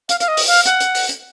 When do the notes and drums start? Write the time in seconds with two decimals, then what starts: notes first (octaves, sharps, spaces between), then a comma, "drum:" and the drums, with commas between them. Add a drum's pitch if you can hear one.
0.09 F5, drum: hi-hat
0.20 F5, drum: hi-hat
0.28 D#5
0.37 drum: open hi-hat
0.47 F5
0.66 F#5, drum: hi-hat
0.80 drum: hi-hat
0.95 drum: open hi-hat
1.09 drum: hi-hat